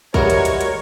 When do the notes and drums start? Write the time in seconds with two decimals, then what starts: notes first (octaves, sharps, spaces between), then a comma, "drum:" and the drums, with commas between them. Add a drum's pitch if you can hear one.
0.14 E3 G3 G#3 F#4 A#4 C#5, drum: kick
0.30 drum: hi-hat
0.45 drum: hi-hat
0.61 drum: hi-hat